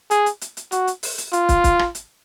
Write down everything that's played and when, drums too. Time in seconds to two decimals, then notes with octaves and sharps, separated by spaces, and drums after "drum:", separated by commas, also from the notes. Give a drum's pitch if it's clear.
0.11 G#4, drum: hi-hat
0.26 drum: hi-hat
0.41 drum: hi-hat
0.57 drum: hi-hat
0.72 F#4, drum: hi-hat
0.87 drum: hi-hat
1.03 drum: open hi-hat
1.18 drum: hi-hat
1.33 F4, drum: hi-hat
1.49 drum: kick, hi-hat
1.64 drum: kick, hi-hat
1.79 drum: rim click
1.95 drum: hi-hat